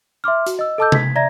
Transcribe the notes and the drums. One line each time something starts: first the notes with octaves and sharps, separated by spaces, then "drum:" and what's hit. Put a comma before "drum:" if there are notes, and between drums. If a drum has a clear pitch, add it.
E5 C6 D6 F6
F#4, drum: hi-hat
D#5 E6
A4 D#5 A5 D6 E6 G6
G#6 B6, drum: tom C3
D5 E5 A#5 G#6 A#6